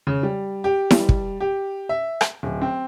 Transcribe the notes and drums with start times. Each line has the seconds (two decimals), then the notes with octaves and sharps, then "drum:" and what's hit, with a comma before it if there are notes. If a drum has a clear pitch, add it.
0.07 C#3
0.23 G3
0.64 G4
0.91 G3, drum: snare E4
1.09 drum: kick
1.41 G4
1.89 E5
2.21 drum: rim click
2.43 D1
2.61 C4